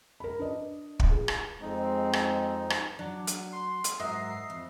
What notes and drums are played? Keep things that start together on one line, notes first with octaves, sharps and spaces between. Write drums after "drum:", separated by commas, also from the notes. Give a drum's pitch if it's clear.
A#4 B5
D4 B4 D#5
drum: kick
G#4
drum: rim click
F2 G#3 C4 D#4
drum: rim click
drum: rim click
F#3 D4
drum: hi-hat
C6
drum: hi-hat
G#2 F#3 A#4 D#5 E5 C7
F2